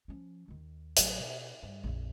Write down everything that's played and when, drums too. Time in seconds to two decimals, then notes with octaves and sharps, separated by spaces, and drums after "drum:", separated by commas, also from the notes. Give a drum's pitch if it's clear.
0.08 F3 C#4
0.48 D#2 D#3
0.97 A1 F#3, drum: hi-hat
1.19 B2
1.63 G2
1.84 A#1 F2